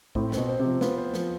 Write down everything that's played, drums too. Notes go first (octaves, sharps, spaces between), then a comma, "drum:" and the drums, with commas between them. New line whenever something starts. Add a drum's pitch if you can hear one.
A2 C4, drum: kick
B2 C4, drum: snare
C5
C3
F3
B3 F4, drum: snare
C5
F3, drum: snare